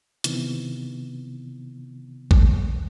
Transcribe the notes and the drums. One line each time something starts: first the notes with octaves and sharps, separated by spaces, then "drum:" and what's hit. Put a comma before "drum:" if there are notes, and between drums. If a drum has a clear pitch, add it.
C3 D#3 E3 B3, drum: hi-hat
drum: kick A1